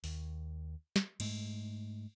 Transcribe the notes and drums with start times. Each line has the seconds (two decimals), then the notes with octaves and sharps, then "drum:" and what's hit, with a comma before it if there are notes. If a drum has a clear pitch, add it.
0.04 D#2, drum: open hi-hat
0.96 drum: snare
1.20 G#2 G#3 A3, drum: cymbal